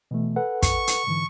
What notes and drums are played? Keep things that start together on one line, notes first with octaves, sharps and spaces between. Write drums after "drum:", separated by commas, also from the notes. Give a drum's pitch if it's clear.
B2 E3 A3
A4 B4 F#5
C#6, drum: kick, hi-hat
drum: hi-hat
G#2 D3 E3